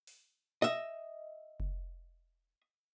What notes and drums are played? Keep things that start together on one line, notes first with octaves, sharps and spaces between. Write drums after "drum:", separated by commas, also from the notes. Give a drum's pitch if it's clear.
drum: open hi-hat
D#5 E5
drum: kick F1